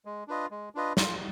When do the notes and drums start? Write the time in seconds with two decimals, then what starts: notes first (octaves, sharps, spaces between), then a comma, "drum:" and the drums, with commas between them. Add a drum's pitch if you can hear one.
0.05 G#3
0.28 D4 F4 B4 D#5
0.51 G#3
0.75 D4 F4 B4 D#5
0.97 F4, drum: snare